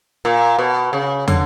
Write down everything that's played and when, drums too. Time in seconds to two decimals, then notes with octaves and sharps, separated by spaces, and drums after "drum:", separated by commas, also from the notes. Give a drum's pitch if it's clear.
0.25 A#2
0.59 B2
0.93 C#3
1.28 D3, drum: tom